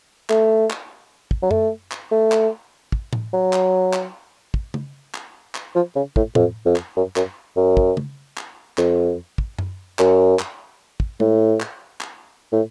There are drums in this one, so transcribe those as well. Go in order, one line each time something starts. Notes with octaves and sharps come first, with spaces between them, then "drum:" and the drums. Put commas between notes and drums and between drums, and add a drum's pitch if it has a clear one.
A3, drum: clap
drum: clap
drum: kick
F#3
A3, drum: tom F#2
drum: clap
A3
drum: clap
drum: kick
drum: tom A2
F#3
drum: clap
drum: clap
drum: kick
drum: tom
drum: clap
drum: clap
F3
C#3
A2, drum: kick
F2, drum: tom A2
F2
drum: clap
F#2
F#2, drum: clap
F#2
drum: kick
drum: tom
drum: clap
F2, drum: clap
drum: kick
drum: tom F#2
F#2, drum: clap
drum: clap
drum: kick
A2, drum: tom G#3
drum: clap
drum: clap
A2